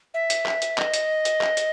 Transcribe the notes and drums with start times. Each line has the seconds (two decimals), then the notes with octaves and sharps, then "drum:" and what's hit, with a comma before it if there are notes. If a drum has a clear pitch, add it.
0.14 E5
0.30 drum: hi-hat
0.46 drum: clap
0.62 drum: hi-hat
0.78 D#5, drum: clap
0.94 drum: hi-hat
1.25 drum: hi-hat
1.41 drum: clap
1.57 drum: hi-hat